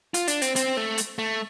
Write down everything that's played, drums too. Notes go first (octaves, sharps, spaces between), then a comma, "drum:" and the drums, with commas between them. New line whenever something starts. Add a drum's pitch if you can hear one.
F4, drum: hi-hat
D4, drum: hi-hat
C4, drum: hi-hat
C4, drum: hi-hat
A3
drum: hi-hat
A3